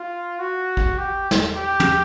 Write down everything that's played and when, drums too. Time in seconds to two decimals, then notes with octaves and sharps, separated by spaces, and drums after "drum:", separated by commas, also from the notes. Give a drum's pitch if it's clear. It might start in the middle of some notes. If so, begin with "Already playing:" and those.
Already playing: F4
0.39 F#4
0.77 drum: kick
0.98 G4
1.31 drum: snare
1.56 G4
1.80 drum: tom